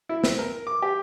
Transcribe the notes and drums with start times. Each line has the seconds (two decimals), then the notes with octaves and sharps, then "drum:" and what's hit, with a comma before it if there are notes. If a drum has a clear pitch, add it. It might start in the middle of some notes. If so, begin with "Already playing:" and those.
0.09 E4
0.24 C4, drum: snare
0.39 A#4
0.67 D6
0.82 G4